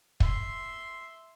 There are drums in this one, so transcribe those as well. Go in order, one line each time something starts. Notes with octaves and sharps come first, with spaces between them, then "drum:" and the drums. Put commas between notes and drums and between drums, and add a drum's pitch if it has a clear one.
E5 C6, drum: kick